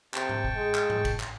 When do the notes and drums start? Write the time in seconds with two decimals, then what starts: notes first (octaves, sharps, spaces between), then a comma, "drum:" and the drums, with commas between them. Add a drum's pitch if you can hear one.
0.14 C3 G5 A5 C#6, drum: clap
0.29 drum: tom G#2
0.44 drum: kick G#1
0.56 G#3
0.75 drum: clap
0.90 drum: tom G#2
1.05 drum: kick G#1, cymbal
1.20 drum: clap